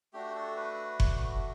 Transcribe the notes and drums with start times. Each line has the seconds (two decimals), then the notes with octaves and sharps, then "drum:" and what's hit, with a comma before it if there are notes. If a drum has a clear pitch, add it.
0.13 A3 D4 F#4 G4
0.35 A4
0.56 B4
1.00 drum: kick F#1